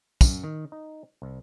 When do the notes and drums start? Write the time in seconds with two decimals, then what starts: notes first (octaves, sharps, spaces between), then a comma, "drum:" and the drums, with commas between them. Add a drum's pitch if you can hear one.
0.21 F#2, drum: kick, tambourine
0.44 D#3
0.72 D#4
1.22 C2